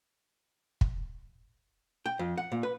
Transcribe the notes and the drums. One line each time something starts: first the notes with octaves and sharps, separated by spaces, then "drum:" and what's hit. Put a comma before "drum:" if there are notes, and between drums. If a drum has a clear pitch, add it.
drum: kick
G5
F2
F#5
A#2
B4